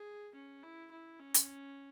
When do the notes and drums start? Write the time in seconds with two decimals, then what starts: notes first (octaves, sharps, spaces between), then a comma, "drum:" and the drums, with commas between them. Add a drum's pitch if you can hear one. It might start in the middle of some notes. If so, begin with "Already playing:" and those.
Already playing: G#4
0.35 C#4
0.63 E4
0.91 E4
1.20 C#4
1.34 drum: hi-hat